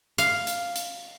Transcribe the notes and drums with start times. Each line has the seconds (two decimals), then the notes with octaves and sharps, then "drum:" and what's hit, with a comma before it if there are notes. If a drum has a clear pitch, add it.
0.18 F5, drum: hi-hat
0.47 drum: hi-hat
0.76 drum: hi-hat